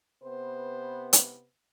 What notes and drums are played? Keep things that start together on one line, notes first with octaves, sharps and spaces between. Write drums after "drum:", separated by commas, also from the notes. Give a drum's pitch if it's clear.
C3 B3 B4 C5
drum: hi-hat